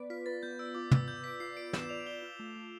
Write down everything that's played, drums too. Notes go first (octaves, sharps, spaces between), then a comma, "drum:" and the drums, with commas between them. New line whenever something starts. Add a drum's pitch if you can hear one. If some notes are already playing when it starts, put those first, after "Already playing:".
Already playing: B3 B4 D5
F4 B6
B4 A6
B3 G6
D5 E6
F4 D6
B4 E6, drum: tom
B3 G6
D5 B6
F4 C7
B4 D7
B3 E7, drum: snare
D5 F7
F4 G7
F4
A3
A3